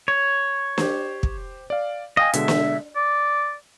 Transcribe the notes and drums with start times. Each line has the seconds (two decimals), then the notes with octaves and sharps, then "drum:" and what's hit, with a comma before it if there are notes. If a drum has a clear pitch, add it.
0.08 C#5
0.78 G4 C5, drum: snare
1.23 drum: kick
1.70 D5 F5
2.17 D#5 F5 G5 G#5
2.33 B2 D3 G#3 E5, drum: hi-hat
2.48 drum: snare
2.96 D5